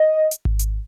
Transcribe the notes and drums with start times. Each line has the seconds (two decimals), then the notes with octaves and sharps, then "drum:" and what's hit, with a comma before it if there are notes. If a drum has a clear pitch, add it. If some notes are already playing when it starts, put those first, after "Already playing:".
Already playing: D#5
0.31 drum: hi-hat
0.45 drum: kick G#1
0.59 drum: hi-hat